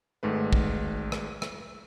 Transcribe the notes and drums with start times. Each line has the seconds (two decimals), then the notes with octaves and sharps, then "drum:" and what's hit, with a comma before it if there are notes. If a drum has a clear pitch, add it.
0.23 G#1 G#2 A3 B4
0.53 drum: kick
1.12 drum: rim click
1.42 drum: rim click